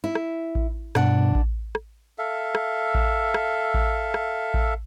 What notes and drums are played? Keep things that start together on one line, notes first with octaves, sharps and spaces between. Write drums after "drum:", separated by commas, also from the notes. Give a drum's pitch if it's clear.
E4
drum: rim click
drum: kick A1
G2 B2 D4 F#5, drum: rim click
drum: kick A1
drum: rim click
A4 E5 F5
drum: rim click
drum: kick A1
drum: rim click
drum: kick A1
drum: rim click
drum: kick A1